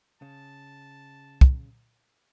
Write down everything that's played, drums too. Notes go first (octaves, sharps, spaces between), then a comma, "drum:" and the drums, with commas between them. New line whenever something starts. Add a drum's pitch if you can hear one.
C#3 A5
drum: kick